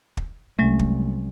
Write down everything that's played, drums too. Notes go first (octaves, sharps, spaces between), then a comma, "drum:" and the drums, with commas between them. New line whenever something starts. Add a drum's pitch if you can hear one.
drum: kick
C2 F#3 G#3 A3 C#4
drum: kick